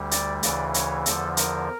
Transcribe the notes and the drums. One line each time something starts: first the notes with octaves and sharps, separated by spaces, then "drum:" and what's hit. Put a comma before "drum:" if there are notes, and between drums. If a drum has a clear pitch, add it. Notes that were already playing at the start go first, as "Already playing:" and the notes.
Already playing: D2 D3 G3
D5, drum: hi-hat
D2 C#3 E3 D5, drum: hi-hat
C#5, drum: hi-hat
E2 D3 F3 A4, drum: hi-hat
A#4, drum: hi-hat